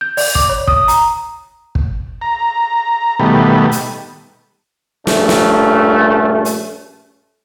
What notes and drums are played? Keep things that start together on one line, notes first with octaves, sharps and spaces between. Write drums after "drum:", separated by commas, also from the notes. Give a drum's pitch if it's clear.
G6
D5, drum: open hi-hat
D6, drum: kick
C#5
D#6, drum: kick
A#5, drum: hi-hat
drum: kick
A#5
B2 D#3 G3 A3 B3
drum: hi-hat
A#1 G2 A3 C#4, drum: snare
drum: snare
drum: hi-hat